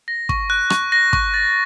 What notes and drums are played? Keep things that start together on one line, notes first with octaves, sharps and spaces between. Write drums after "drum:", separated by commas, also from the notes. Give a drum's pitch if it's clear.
A#6
C#6, drum: kick
F#6
C#6, drum: rim click
A#6
C#6, drum: kick
A6